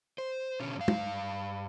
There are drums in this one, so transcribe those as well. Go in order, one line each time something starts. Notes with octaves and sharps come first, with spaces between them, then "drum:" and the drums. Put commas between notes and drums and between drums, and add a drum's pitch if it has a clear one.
C5
B2 D3 C#4
G2 F5
drum: tom